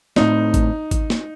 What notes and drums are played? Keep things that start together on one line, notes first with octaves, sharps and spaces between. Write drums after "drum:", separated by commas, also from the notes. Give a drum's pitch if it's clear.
A2 A3 C4 D#4, drum: snare
drum: kick G#1, hi-hat
drum: kick G#1, hi-hat
drum: snare